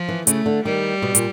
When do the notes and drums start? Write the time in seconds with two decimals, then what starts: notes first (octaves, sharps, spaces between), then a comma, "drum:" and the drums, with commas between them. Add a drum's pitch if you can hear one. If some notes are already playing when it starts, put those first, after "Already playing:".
Already playing: F3
0.09 E3
0.27 C#3 A3, drum: hi-hat
0.46 D3
0.65 D#3 G3
1.02 B2
1.15 A#2, drum: hi-hat